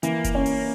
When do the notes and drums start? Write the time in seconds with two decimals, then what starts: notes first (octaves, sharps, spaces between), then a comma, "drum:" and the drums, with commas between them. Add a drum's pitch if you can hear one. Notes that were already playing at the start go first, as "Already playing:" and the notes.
0.03 E3 A#3, drum: hi-hat
0.24 drum: kick F#1, hi-hat
0.35 C#4
0.46 drum: open hi-hat